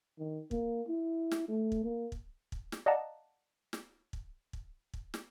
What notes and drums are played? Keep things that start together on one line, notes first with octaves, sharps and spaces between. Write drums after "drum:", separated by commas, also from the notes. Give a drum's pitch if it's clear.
D#3
A#3, drum: kick
E4
drum: snare
A3
drum: kick
A#3
drum: kick
drum: kick
drum: snare
D5 D#5 F5 F#5 A5 A#5
drum: snare
drum: kick
drum: kick
drum: kick
drum: snare